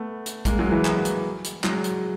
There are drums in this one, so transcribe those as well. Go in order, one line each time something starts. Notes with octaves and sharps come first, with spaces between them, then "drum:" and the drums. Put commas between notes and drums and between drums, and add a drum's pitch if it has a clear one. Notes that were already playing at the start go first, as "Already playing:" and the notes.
Already playing: A3 B3
drum: hi-hat
G#3 A#3, drum: kick, hi-hat
F#3 G#3
E3 F#3
drum: clap
drum: hi-hat
drum: hi-hat
F#3 G#3, drum: clap
drum: hi-hat